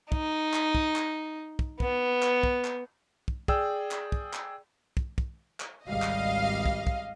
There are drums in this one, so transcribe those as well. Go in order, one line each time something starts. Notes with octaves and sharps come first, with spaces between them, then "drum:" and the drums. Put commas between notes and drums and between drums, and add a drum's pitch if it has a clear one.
D#4, drum: kick
drum: clap
drum: kick
drum: clap
drum: kick
B3, drum: kick
drum: clap
drum: kick
drum: clap
drum: kick
G#4 D5 G5 E6, drum: kick
drum: clap
drum: kick
drum: clap
drum: kick
drum: kick
drum: clap
G#1 C#2 G3 D#5 F5
drum: clap
drum: kick
drum: kick